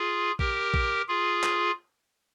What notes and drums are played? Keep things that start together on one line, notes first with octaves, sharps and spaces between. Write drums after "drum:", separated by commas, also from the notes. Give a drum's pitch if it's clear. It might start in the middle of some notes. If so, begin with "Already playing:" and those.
Already playing: F4 G#4
G4 A#4, drum: kick A#1
drum: kick A#1
F4 G#4
drum: clap